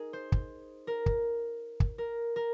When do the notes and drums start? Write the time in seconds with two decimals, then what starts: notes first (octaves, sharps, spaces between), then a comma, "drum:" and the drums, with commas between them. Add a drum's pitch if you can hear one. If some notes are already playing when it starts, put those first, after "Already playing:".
Already playing: D#4 G#4 A#4
0.13 C5
0.32 drum: kick
0.87 A#4
1.06 drum: kick
1.80 drum: kick
1.98 A#4
2.36 A#4